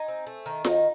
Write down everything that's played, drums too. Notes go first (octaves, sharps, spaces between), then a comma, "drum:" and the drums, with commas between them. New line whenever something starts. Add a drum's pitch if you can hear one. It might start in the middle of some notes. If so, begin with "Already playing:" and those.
Already playing: D#4 G#5
C4
A3
D#3
D#4, drum: snare F4